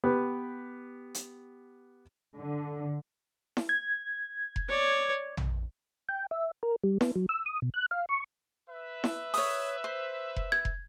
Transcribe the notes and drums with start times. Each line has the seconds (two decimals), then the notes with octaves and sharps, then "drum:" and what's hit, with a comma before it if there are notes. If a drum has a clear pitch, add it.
0.04 B3 G4 B4
1.14 drum: hi-hat
2.36 D3
3.57 drum: snare E4
3.69 G#6
4.56 drum: kick F1
4.69 C#5 D5
5.37 drum: tom A#1
6.09 G5
6.31 E5
6.63 A#4
6.84 G3
7.01 B3, drum: snare E4
7.16 F#3
7.29 E6
7.46 D#6
7.62 B2
7.74 F#6
7.91 F5
8.09 C#6
8.69 B4 E5
9.04 drum: snare E4
9.34 C#5 D#6, drum: open hi-hat
9.84 C5
10.36 drum: kick F1
10.52 G#6
10.65 drum: kick F1